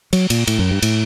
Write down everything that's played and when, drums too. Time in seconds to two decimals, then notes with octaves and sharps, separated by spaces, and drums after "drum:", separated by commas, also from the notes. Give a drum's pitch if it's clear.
0.13 F#3, drum: cymbal
0.30 A#2, drum: cymbal
0.47 A2, drum: cymbal
0.59 F#2
0.71 G2
0.82 A2, drum: cymbal